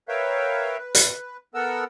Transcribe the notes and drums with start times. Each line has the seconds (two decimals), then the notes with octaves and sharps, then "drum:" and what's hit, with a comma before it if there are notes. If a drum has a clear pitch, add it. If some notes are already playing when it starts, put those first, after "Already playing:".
0.08 A#4 B4 C#5 E5 F5 G5
0.77 B4
0.95 drum: hi-hat
1.54 B3 A4 A#4 F#5 E6